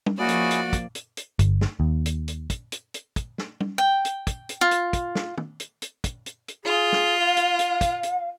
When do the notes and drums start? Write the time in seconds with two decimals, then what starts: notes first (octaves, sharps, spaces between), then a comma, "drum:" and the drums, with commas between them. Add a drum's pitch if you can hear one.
0.06 drum: tom
0.19 F3 A#3 C#4 E4 F#4 G#4 D5
0.29 drum: hi-hat
0.51 drum: hi-hat
0.73 drum: kick, hi-hat
0.95 drum: hi-hat
1.17 drum: hi-hat
1.39 G1, drum: kick, hi-hat
1.61 drum: snare
1.80 D#2
2.06 drum: hi-hat
2.28 drum: hi-hat
2.50 drum: kick, hi-hat
2.72 drum: hi-hat
2.94 drum: hi-hat
3.16 drum: kick, hi-hat
3.38 drum: snare
3.61 drum: tom
3.78 G5
4.05 drum: hi-hat
4.27 drum: kick, hi-hat
4.49 drum: hi-hat
4.61 F4
4.71 drum: hi-hat
4.93 drum: kick, hi-hat
5.15 drum: snare
5.38 drum: tom
5.60 drum: hi-hat
5.82 drum: hi-hat
6.04 drum: kick, hi-hat
6.26 drum: hi-hat
6.48 drum: hi-hat
6.64 F4 G#4
6.92 drum: snare
7.19 F5
7.37 drum: hi-hat
7.59 drum: hi-hat
7.81 drum: kick, hi-hat
8.03 drum: hi-hat